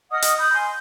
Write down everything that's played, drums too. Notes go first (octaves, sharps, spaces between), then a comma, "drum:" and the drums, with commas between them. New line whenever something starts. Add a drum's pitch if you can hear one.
D#5 F#5 D#6 F6
drum: hi-hat
B5 D#6 G6
G#5 C6